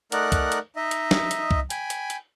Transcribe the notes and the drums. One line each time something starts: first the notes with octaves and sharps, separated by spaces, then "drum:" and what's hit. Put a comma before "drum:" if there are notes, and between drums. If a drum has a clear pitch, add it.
A3 D#4 A#4 D5 F#5 F#6, drum: hi-hat
drum: kick C2, hi-hat
drum: hi-hat
D#4 D#5 E5
drum: hi-hat
drum: snare
drum: hi-hat
drum: kick C2
G5 G#5 B5, drum: hi-hat
drum: hi-hat
drum: hi-hat